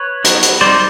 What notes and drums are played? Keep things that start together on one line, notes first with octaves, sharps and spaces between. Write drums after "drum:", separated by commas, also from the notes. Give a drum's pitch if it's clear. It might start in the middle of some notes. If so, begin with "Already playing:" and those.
Already playing: B4 C#5
F#3 B3 D#4, drum: hi-hat
drum: hi-hat
G3 C4 D#4 C5 D5